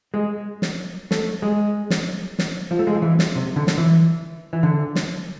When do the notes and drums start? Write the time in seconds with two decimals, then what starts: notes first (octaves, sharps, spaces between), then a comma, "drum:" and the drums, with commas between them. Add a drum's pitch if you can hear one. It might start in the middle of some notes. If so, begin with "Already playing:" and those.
0.14 G#3
0.62 drum: snare
1.11 A3, drum: snare
1.42 G#3
1.90 drum: snare
2.39 drum: snare
2.71 F3
2.79 A3
2.87 G#3
2.95 F3
3.02 E3
3.19 drum: snare
3.35 C3
3.56 D3
3.67 drum: snare
3.78 E3
4.53 E3
4.63 D3
4.95 drum: snare